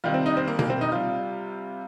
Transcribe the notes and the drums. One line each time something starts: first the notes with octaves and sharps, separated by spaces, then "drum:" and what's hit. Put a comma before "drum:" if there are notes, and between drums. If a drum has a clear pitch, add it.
C3 D#3 G3 F4
C4
D#4
C4
A#3
A#3, drum: tom B2
C4
D#4
C3 G3 F4